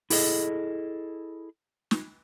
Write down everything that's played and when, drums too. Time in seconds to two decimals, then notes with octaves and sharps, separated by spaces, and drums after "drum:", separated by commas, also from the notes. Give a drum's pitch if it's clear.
0.10 E4 G#4 A4 D#5, drum: open hi-hat
1.91 drum: snare